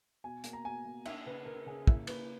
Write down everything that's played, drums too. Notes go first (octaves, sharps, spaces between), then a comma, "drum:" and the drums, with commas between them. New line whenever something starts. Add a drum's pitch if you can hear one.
B2 G#5
A#3, drum: hi-hat
A#5
B2 G#5
A#3
A#3 E5, drum: cymbal
C#3 B4
C#3 A#4
C#3 G#4
A#3 E4, drum: kick
A#3 B4, drum: cymbal